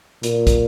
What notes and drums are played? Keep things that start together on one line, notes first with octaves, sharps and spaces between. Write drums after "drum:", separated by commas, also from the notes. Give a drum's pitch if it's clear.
A#2, drum: hi-hat
drum: kick, hi-hat